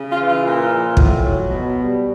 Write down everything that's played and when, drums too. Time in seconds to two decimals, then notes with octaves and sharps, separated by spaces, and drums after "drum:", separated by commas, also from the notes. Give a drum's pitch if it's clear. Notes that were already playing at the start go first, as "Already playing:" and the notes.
Already playing: C#3
0.11 F4
0.20 E3
0.28 F4
0.46 A#2
0.72 F3
0.97 A2, drum: kick
1.23 F#3
1.49 B2
1.75 G3